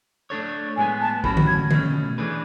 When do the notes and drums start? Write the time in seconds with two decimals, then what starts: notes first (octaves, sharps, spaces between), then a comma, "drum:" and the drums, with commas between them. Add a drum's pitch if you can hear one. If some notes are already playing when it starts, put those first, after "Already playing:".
0.30 A3 D4 A4 C#5
0.77 A2 G#3 B3 G#5
1.01 A5
1.24 A2 F#3 C#4 F#4 B5, drum: kick
1.37 drum: tom D3
1.47 G#6
1.71 B2 A3 C#4, drum: tom D3
2.18 E3 A3 D4 G#4 B4